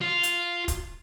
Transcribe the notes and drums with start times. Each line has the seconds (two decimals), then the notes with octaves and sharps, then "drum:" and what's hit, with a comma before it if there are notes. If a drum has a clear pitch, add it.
0.01 F4
0.23 drum: hi-hat
0.68 drum: kick, hi-hat